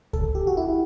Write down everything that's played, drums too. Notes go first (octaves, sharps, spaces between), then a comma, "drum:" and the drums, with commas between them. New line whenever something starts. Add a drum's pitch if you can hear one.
A4, drum: kick C#2
G4
F#4
E4